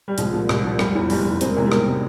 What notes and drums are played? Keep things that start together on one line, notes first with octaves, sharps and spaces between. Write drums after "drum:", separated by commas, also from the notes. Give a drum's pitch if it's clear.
G3
C2 F3 G#3, drum: hi-hat
A#2 F3
C2, drum: rim click
A#2 F3
F1 G3, drum: rim click
E2 E3 F3
F1 G3, drum: open hi-hat
E2 E3
E1 C4, drum: hi-hat
A#3
E2 C3 G#3
G3 A#3
E1, drum: rim click
C3